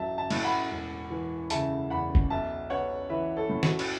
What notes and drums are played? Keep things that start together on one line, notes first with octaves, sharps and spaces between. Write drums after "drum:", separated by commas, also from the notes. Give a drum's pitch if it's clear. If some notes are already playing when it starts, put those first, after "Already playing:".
Already playing: A1 F#3 E5 A5
E5 A5
A2, drum: cymbal
F#5 B5
E1
E3
C#3 E5 A5, drum: hi-hat
E2 F#5 B5
drum: kick F1
B1 E5 A5
B3 C#5 F#5
E3 B4 E5
A4 C#5
A2
F#4 B4, drum: snare
drum: cymbal